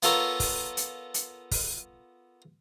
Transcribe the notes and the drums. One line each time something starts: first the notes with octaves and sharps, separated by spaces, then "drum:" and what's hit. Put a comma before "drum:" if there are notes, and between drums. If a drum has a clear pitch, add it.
B3 F4 A4 A#4 C#5, drum: hi-hat
drum: kick, open hi-hat
drum: hi-hat
drum: hi-hat
drum: kick, open hi-hat